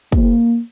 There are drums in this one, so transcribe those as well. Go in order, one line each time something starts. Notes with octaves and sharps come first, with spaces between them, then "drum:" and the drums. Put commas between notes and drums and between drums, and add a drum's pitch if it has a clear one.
A#3, drum: kick